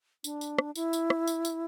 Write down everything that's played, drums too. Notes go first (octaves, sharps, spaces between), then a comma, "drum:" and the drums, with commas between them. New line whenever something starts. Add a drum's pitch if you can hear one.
D4, drum: tambourine
drum: tambourine
drum: rim click
E4, drum: tambourine
drum: tambourine
drum: rim click
drum: tambourine
drum: tambourine